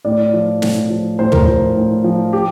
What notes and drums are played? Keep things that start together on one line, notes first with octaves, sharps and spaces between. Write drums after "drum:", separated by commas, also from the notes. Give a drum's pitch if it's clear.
A2 D5
F3
A2, drum: snare
F3
A2 C5
A#4, drum: tom
F3 C5
A2
F3
G4